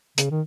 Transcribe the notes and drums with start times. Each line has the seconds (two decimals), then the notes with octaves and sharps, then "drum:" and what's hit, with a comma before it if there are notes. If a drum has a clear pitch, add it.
0.18 C#3, drum: hi-hat
0.30 D#3